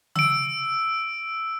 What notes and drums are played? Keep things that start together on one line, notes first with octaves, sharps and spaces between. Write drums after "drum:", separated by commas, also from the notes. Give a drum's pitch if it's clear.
E6 D7, drum: tom C#3